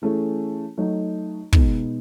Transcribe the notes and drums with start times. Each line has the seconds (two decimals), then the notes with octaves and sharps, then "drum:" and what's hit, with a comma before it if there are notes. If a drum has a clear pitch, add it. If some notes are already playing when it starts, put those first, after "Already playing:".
0.02 E3 A3 C#4 G#4
0.77 F#3 A3 D#4
1.53 B2 G#3 B3 D#4, drum: kick